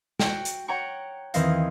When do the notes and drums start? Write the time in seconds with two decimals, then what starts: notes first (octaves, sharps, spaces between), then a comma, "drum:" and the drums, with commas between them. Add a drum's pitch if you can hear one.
0.19 F#4 G5, drum: snare
0.45 drum: hi-hat
0.68 C#5 F#5 G5 A#5 C#6
1.34 E2 D#3 E3 C4 D#5 F5, drum: hi-hat